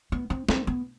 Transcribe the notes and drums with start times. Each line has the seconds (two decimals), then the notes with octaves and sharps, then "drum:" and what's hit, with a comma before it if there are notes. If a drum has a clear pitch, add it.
0.12 B3
0.30 C4
0.49 C4, drum: snare
0.67 B3